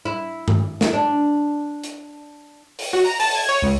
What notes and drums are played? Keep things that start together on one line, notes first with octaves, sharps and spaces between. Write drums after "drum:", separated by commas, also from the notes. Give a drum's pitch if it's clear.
E4
drum: tom G2
drum: snare
D4
drum: hi-hat
drum: open hi-hat
F#4
A#5
A5, drum: open hi-hat
G#6
C#5
C#2